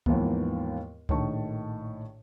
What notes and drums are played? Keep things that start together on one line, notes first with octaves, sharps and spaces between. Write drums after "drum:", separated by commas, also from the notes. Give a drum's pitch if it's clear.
D#2 G#2 E3 F3 A#3 B3, drum: kick C#2
A#1 A2 D#3 A5 C#6, drum: kick C#2